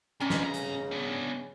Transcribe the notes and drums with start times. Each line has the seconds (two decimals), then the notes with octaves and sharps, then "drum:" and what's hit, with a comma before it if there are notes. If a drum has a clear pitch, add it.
0.20 G#2 D3 C#4 G#5
0.30 drum: snare
0.42 A2 C#3 A#5
0.54 drum: hi-hat
0.91 B3 D4